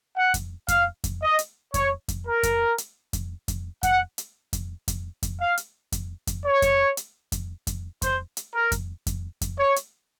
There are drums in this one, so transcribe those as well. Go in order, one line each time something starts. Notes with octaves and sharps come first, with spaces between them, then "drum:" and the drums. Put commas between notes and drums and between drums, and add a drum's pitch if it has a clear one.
F#5
drum: kick F2, hi-hat
F5, drum: kick F2, hi-hat
drum: kick F2, hi-hat
D#5
drum: hi-hat
C#5, drum: kick F2, hi-hat
drum: kick F2, hi-hat
A#4
drum: kick F2, hi-hat
drum: hi-hat
drum: kick F2, hi-hat
drum: kick F2, hi-hat
F#5, drum: kick F2, hi-hat
drum: hi-hat
drum: kick F2, hi-hat
drum: kick F2, hi-hat
drum: kick F2, hi-hat
F5
drum: hi-hat
drum: kick F2, hi-hat
drum: kick F2, hi-hat
C#5
drum: kick F2, hi-hat
drum: hi-hat
drum: kick F2, hi-hat
drum: kick F2, hi-hat
C5, drum: kick F2, hi-hat
drum: hi-hat
A#4
drum: kick F2, hi-hat
drum: kick F2, hi-hat
drum: kick F2, hi-hat
C#5
drum: hi-hat